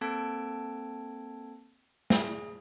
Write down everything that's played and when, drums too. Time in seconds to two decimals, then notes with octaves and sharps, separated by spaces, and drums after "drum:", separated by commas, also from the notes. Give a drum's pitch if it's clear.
0.01 A#3 C4 A4 A5 G#6 D7
2.10 G#4, drum: snare